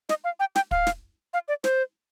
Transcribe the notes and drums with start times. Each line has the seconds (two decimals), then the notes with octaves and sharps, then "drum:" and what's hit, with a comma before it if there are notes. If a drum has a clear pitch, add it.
0.09 D#5, drum: snare
0.24 F5
0.40 G5
0.56 G5, drum: snare
0.71 F5, drum: kick
0.87 drum: snare
1.34 F5
1.48 D5
1.64 C5, drum: snare